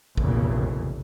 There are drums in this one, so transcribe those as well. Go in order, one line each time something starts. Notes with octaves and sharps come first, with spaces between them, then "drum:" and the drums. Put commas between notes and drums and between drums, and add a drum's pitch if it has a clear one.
F1 A#1 E2 C#3, drum: kick